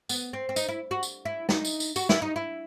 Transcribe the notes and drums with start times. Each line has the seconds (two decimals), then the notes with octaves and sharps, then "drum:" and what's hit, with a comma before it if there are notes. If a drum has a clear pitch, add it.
0.09 B3, drum: tambourine
0.33 C4
0.49 C4
0.56 D#4, drum: tambourine
0.68 E4
0.91 F#4
1.03 drum: tambourine
1.25 E4
1.49 D#4, drum: snare
1.65 drum: tambourine
1.80 drum: tambourine
1.96 F#4, drum: tambourine
2.09 E4, drum: snare
2.22 D#4
2.36 E4